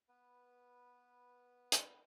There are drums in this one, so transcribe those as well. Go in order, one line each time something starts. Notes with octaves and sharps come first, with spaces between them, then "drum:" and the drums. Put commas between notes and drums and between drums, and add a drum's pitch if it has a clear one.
B3 B4
drum: hi-hat